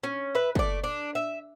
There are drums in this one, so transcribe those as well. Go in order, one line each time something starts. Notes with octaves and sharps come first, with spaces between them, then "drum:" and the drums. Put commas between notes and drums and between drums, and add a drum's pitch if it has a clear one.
C#4
B4 E5
A3 D5, drum: kick
D4
E5